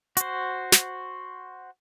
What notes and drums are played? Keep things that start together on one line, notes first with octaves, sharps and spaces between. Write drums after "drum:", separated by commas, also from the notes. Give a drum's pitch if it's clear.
F#4 C5, drum: hi-hat
drum: snare